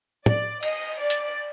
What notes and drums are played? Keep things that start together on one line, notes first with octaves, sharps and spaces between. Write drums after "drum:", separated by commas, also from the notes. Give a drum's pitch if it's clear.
D5, drum: tom
D#5, drum: cymbal
D5
drum: hi-hat